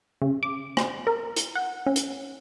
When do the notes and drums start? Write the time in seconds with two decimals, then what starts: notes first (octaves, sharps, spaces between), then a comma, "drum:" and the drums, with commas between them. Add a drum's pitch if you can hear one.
0.22 C#3
0.43 D6
0.77 drum: rim click
1.07 A#4
1.36 drum: hi-hat
1.56 F#5
1.87 C#4
1.96 drum: hi-hat